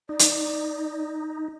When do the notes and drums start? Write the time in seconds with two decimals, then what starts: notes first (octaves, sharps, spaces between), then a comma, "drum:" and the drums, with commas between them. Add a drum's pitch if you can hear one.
0.09 D#4 D5
0.19 drum: hi-hat